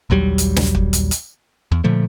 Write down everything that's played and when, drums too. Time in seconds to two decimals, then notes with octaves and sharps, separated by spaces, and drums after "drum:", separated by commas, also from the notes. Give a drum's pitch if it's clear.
0.10 A#1 D#2 F#3 G3
0.38 drum: hi-hat
0.56 drum: snare
0.75 drum: kick
0.93 drum: hi-hat
1.11 drum: hi-hat
1.72 E2
1.84 A#2 D3 F3 A3